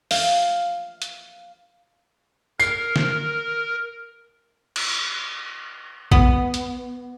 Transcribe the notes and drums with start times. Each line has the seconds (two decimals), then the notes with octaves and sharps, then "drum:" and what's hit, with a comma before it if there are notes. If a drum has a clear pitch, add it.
0.11 F5, drum: open hi-hat
1.02 drum: hi-hat
2.60 A#4 C7, drum: tambourine
2.96 drum: snare
4.76 drum: cymbal
6.11 B3, drum: kick A#1
6.54 drum: hi-hat